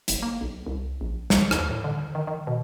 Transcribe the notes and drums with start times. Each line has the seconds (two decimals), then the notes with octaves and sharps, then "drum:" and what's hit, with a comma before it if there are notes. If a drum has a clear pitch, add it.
0.08 F#1, drum: hi-hat
0.22 A#3
0.41 B1
0.67 C2
1.01 A#1
1.30 B1, drum: snare
1.51 D#2, drum: rim click
1.70 A2
1.84 D3
2.15 D#3
2.27 D#3
2.47 B2